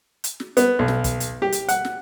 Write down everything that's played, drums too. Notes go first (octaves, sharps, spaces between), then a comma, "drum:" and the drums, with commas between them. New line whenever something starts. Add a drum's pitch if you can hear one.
drum: hi-hat
drum: snare
B3, drum: hi-hat
B1
drum: snare
drum: kick, hi-hat
drum: hi-hat
G4
drum: hi-hat
F#5, drum: hi-hat
drum: snare